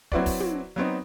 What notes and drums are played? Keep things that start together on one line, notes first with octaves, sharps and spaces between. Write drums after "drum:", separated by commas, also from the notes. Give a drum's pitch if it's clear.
F#3 C4 E4 F#4 B4 D5, drum: kick
drum: kick, open hi-hat
drum: tom
F#3 B3 C4 D#4